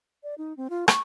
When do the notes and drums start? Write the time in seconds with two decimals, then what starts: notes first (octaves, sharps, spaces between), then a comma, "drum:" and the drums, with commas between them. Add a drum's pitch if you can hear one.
0.23 D5
0.38 D#4
0.57 C4
0.70 F4
0.88 C#6, drum: rim click